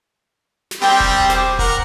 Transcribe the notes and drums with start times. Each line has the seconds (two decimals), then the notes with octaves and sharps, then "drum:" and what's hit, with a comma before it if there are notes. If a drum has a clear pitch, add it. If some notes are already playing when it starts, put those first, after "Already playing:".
0.71 drum: snare
0.82 G3 C4 G4 G5
1.00 drum: kick E1
1.30 C5 D6, drum: snare
1.59 A#4 F#5, drum: kick E1